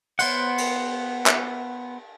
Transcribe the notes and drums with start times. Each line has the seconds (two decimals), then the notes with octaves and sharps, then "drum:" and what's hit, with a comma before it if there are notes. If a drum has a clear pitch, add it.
0.19 B3 C5 F#5, drum: cymbal
0.58 drum: cymbal
1.26 drum: clap